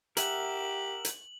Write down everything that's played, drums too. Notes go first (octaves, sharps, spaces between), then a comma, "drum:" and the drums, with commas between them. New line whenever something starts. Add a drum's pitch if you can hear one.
G4 A#4 E5 F#5 F#7, drum: hi-hat
drum: hi-hat